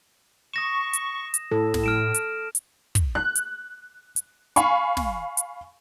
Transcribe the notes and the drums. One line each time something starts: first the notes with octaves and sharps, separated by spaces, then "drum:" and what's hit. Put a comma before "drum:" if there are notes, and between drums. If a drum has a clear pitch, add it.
C#6 D#6 A#6 E7
drum: hi-hat
drum: hi-hat
A2 A4
drum: snare
F6 D7 E7
drum: hi-hat
drum: hi-hat
drum: kick, hi-hat
F#6
drum: hi-hat
drum: hi-hat
F5 G#5 B5 C#6, drum: hi-hat
drum: snare
drum: hi-hat